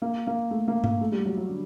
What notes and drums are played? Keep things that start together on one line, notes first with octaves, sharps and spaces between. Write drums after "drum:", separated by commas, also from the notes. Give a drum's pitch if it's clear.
A#3
A#3
A3
A#3
A#3, drum: tom G2
A3
G3
F#3
F#3
D3